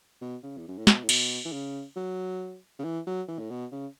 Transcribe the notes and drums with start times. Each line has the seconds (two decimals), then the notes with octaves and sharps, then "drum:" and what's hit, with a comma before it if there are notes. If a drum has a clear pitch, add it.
0.21 B2
0.43 C#3
0.58 E2
0.68 F#2
0.78 A2
0.87 B2, drum: snare
1.03 A2
1.09 B2, drum: cymbal
1.45 E3
1.52 C#3
1.96 F#3
2.79 C#3
2.84 E3
3.07 F#3
3.28 E3
3.39 A2
3.50 B2
3.72 C#3